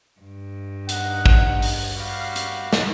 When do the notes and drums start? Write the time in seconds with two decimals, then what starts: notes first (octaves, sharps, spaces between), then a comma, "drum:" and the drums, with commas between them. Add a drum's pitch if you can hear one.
0.20 G2
0.89 D#4 F#5, drum: hi-hat
1.26 drum: kick
1.62 drum: open hi-hat
1.96 G3 F#4 F5
2.36 drum: hi-hat
2.73 drum: snare